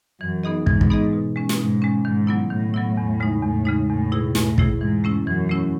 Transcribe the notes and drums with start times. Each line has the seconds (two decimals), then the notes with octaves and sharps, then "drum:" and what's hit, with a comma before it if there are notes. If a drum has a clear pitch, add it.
0.21 F#2 E3
0.44 B3 D#4 G#4 D#5
0.67 G#2 E3, drum: kick
0.81 drum: kick
0.90 B3 D#4 G#4 D#5
1.13 B2
1.36 G#3 C#4
1.49 drum: snare
1.59 G#2 B2
1.82 G#3 C#4
2.05 G#2 D#3
2.27 F#3 B3 E4
2.50 A2 D#3
2.74 F#3 B3 E4
2.97 E2
3.20 C#3 G#3 D#4
3.42 E2 A2
3.65 C#3 G#3 D#4
3.89 E2 A2
4.12 B2 A3 E4 G#4
4.35 E2 A2, drum: snare
4.58 B2 A3 E4 G#4, drum: kick
4.81 G#2 E3
5.04 A3 C#4 E4
5.27 F#2 E3
5.49 A3 C#4 E4